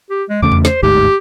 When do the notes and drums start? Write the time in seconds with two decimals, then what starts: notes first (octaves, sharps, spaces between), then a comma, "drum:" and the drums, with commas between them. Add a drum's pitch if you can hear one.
0.10 G4
0.29 G#3
0.42 E2 C#3 A3 D6
0.52 drum: tom E2
0.65 C5, drum: snare
0.83 G1 D2 G#2 G4